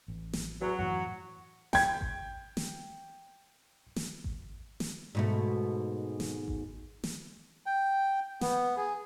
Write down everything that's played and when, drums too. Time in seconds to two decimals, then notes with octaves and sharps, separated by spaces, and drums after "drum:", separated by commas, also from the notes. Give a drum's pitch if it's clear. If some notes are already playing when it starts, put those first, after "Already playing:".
0.08 A1
0.33 drum: snare
0.61 E2 F#3
0.79 F#2 A2 E3 F#4
1.73 G5 G#6, drum: snare
2.01 drum: kick G#1
2.57 drum: snare
3.96 drum: snare
4.24 drum: kick G#1
4.80 drum: snare
5.15 G#2 B2 A3
6.20 drum: snare
6.48 drum: kick G#1
7.04 drum: snare
7.66 G5
8.41 B3, drum: snare
8.77 G#4